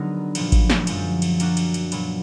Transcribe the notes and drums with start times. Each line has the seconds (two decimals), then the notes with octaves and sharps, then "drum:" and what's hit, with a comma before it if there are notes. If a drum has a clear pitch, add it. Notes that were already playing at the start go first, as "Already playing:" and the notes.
Already playing: D3 F#3 B3 D#4 G#4 A#4
0.35 A#2 F3 B3, drum: cymbal
0.52 drum: kick G#1, cymbal
0.70 drum: snare
0.87 F#2 F3 G#3, drum: cymbal
1.22 drum: cymbal
1.40 F#3 A#3 D4 F#4, drum: cymbal
1.57 drum: cymbal
1.74 drum: cymbal
1.92 A#2 F#3 B3, drum: cymbal